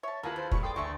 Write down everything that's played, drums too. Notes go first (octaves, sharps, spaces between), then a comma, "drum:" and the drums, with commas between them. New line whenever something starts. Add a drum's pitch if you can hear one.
C#5 E5 A5
D#2 E4 F4 G#4 A#4 B4 A5
F3 C5
A#2 G3 B3 C#6, drum: kick
A4 D5 G5 C6 D#6
D2 G#3 A3 F#4 C#6